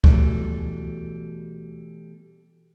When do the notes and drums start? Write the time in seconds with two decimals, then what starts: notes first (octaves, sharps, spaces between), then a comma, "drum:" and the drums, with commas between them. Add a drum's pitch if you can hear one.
0.04 B2 E3 F#3 G3 A3, drum: kick C#2